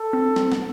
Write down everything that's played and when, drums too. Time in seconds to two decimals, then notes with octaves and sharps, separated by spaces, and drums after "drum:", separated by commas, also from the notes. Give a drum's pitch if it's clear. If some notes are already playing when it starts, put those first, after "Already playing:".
Already playing: A4
0.13 C4
0.36 C4, drum: snare
0.52 B3, drum: snare